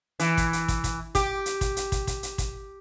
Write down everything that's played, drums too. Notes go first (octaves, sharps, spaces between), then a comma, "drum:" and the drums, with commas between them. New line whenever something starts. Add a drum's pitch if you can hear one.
E3, drum: hi-hat
drum: kick, hi-hat
drum: hi-hat
drum: kick, hi-hat
drum: kick, hi-hat
G4, drum: kick, hi-hat
drum: hi-hat
drum: kick, hi-hat
drum: hi-hat
drum: kick, hi-hat
drum: kick, hi-hat
drum: hi-hat
drum: kick, hi-hat